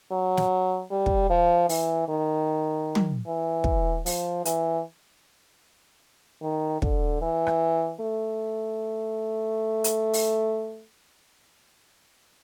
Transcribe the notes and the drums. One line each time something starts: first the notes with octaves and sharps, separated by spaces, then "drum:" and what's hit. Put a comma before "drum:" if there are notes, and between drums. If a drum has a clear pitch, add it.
F#3
drum: snare
G3
drum: kick
F3
E3, drum: open hi-hat
D#3
drum: tom
E3
drum: kick
F3, drum: open hi-hat
E3, drum: hi-hat
D#3
D3, drum: kick
E3
drum: rim click
A3
drum: hi-hat
drum: open hi-hat